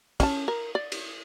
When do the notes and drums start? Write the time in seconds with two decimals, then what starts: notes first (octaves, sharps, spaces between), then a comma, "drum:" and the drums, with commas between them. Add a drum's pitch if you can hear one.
0.20 C#4 G#5 A5, drum: kick, cymbal
0.48 A#4
0.75 D5
0.92 drum: cymbal